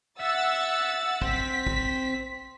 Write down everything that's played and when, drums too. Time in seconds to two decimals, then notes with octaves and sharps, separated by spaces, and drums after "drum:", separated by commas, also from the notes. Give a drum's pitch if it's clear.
0.20 E5 F#5 E6 A6
1.22 C4 B6, drum: kick
1.67 drum: kick